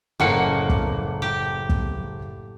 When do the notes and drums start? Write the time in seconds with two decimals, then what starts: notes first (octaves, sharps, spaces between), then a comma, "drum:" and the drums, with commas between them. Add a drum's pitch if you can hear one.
0.20 F#1 A2 A#3 F#5 C#7
0.70 drum: kick
1.22 G4
1.69 drum: kick